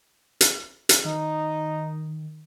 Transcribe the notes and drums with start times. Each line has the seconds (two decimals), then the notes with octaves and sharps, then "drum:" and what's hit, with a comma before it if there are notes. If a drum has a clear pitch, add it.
0.41 drum: hi-hat
0.89 drum: hi-hat
1.05 D#3 D#4